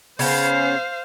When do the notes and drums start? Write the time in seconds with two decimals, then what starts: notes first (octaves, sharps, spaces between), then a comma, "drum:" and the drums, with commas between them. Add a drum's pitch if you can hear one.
0.19 C#3 B3 C#4 C5 F5, drum: open hi-hat